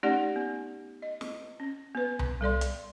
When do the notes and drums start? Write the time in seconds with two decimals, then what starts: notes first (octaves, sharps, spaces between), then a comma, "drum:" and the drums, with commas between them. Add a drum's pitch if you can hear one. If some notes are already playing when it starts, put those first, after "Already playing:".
0.03 A3 C#4 D#4 G4 D5 F#5
0.36 B3
1.02 D#5
1.21 drum: snare
1.60 C#4
1.95 B3 B4
2.19 drum: tom C2
2.41 G3 A4 D5 C6
2.61 drum: hi-hat